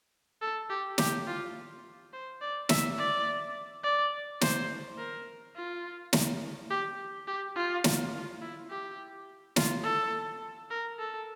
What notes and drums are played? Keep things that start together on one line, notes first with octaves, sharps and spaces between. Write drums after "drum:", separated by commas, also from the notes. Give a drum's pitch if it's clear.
A4
G4
G4, drum: snare
F4
C5
D5
E5, drum: snare
D5
D5
C5, drum: snare
A#4
F4
drum: snare
G4
G4
F4
drum: snare
F4
E4
G4
F4, drum: snare
A4
A#4
A4